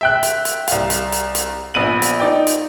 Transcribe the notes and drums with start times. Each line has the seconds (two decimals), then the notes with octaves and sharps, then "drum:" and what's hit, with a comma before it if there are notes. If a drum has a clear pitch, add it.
0.01 E5 G5 F#6
0.23 drum: hi-hat
0.45 drum: hi-hat
0.68 C2 F5, drum: hi-hat
0.90 drum: hi-hat
1.12 drum: hi-hat
1.35 drum: hi-hat
1.74 A#1 B3 D#7 F#7
2.02 drum: hi-hat
2.20 D#4 D5 G5
2.47 drum: hi-hat